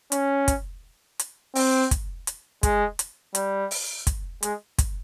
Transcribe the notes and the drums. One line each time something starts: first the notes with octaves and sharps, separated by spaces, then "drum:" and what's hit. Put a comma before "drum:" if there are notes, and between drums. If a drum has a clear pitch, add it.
C#4, drum: hi-hat
drum: kick, hi-hat
drum: hi-hat
C4, drum: open hi-hat
drum: kick, hi-hat
drum: hi-hat
G#3, drum: kick, hi-hat
drum: hi-hat
G3, drum: hi-hat
drum: open hi-hat
drum: kick, hi-hat
G#3, drum: hi-hat
drum: kick, hi-hat